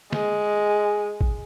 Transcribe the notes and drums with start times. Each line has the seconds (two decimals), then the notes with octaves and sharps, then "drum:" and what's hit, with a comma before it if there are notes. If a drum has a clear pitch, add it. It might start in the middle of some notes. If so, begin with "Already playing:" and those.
0.13 G#3, drum: snare
1.21 drum: kick A1